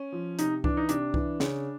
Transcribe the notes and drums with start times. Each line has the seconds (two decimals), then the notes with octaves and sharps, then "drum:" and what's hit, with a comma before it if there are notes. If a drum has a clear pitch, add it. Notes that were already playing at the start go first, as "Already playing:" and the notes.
Already playing: C#4
0.12 F3
0.39 C3 D#4, drum: hi-hat
0.64 E3 D4, drum: kick C2
0.77 D#4
0.89 C3 D4, drum: hi-hat
1.14 E3, drum: kick C2
1.40 C#3, drum: snare